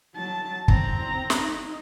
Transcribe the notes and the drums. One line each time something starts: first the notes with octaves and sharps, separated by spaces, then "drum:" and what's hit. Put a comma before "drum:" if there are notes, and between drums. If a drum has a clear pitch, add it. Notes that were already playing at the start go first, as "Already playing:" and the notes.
F#3 A5
C4 A#5, drum: kick
drum: snare
D#4